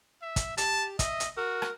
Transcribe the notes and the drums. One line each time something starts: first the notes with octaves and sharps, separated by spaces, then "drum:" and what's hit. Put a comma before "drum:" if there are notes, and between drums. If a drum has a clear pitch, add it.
E5
drum: kick, hi-hat
G4 A5, drum: hi-hat
D#5 E5, drum: kick, hi-hat
drum: hi-hat
F#4 A#4
drum: rim click